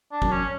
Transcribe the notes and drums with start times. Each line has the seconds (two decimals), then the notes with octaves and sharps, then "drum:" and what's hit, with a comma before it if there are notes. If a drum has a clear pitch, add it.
0.12 D4
0.22 F#2, drum: kick
0.31 C#4